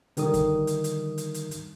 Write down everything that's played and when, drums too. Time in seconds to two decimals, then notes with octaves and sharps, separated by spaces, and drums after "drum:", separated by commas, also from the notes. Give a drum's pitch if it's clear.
0.17 D3 D#3 G3 D#6, drum: hi-hat
0.34 drum: kick, hi-hat
0.67 drum: hi-hat
0.84 drum: hi-hat
1.18 drum: hi-hat
1.34 drum: hi-hat
1.51 drum: hi-hat